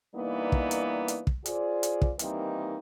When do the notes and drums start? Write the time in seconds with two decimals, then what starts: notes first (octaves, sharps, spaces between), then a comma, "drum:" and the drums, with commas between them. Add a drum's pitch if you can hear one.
0.15 E3 G3 A#3 B3 D4 D#4
0.52 drum: kick
0.71 drum: hi-hat
1.08 drum: hi-hat
1.27 drum: kick
1.46 F4 G#4 C5 D5, drum: hi-hat
1.83 drum: hi-hat
2.02 drum: kick
2.19 D#3 E3 G3 A#3 C4 D#4, drum: hi-hat